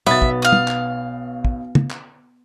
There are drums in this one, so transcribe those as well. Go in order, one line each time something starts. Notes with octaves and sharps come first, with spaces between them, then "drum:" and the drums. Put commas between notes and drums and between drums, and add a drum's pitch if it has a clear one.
B1 B2 B3 E5 A6
drum: kick
F5 D#6
drum: tom
drum: clap
drum: kick
drum: tom
drum: clap